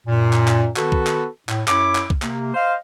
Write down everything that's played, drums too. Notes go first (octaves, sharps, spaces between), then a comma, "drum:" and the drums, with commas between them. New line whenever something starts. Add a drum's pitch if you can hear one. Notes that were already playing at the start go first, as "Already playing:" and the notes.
F#2 A#2
drum: clap
drum: clap
D#3 B3 F#4 A4 B4, drum: clap
drum: kick C2
drum: clap
A2, drum: clap
F#2 E4 C#5 D6, drum: clap
drum: clap
drum: kick C2
C3 A#3, drum: clap
C5 D#5 F5